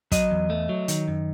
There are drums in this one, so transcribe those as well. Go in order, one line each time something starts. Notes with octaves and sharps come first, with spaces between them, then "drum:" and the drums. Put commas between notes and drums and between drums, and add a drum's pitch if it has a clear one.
F#3 D#5, drum: kick, hi-hat
E2
A3
F#3
D#3, drum: hi-hat
F#2